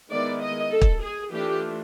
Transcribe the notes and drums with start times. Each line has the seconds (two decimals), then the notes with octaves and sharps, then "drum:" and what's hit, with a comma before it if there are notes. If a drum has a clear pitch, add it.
0.12 D#3 G#3 B3 E4 D5
0.42 D#5
0.72 A4
0.81 drum: kick
1.03 G#4
1.32 E3 A3 D4 F4 G4